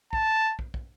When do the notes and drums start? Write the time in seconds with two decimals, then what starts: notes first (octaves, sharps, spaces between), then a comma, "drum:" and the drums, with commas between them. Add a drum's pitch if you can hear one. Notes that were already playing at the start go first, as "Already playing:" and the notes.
0.13 A5, drum: kick
0.59 drum: kick
0.74 drum: kick